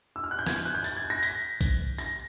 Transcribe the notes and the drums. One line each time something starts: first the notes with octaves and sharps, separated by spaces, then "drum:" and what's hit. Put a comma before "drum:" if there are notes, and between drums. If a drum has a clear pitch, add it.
E6
F6
F#6
G6
G#6, drum: snare
G6
F#6
G6
A6, drum: tambourine
G#6
A#6
B6, drum: tambourine
drum: kick A#1, tambourine
A#6, drum: tambourine